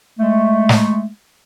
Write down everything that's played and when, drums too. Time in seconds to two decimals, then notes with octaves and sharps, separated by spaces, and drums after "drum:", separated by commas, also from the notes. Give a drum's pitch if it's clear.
0.19 G#3 A3
0.69 drum: snare